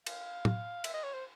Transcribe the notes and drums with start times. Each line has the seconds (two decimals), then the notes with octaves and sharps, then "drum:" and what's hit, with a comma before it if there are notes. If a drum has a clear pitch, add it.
0.06 F5, drum: cymbal
0.45 drum: tom
0.84 E5, drum: cymbal
0.94 D#5
1.03 C#5
1.14 C5